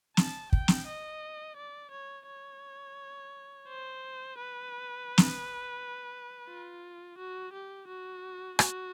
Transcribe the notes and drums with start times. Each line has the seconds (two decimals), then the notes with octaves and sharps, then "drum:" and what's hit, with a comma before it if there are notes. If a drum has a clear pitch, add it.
0.17 A5, drum: snare
0.53 G5, drum: kick
0.68 drum: snare
0.87 D#5
1.57 D5
1.92 C#5
2.27 C#5
3.68 C5
4.38 B4
5.18 drum: snare
6.48 F4
7.19 F#4
7.54 G4
7.88 F#4
8.59 F#4, drum: rim click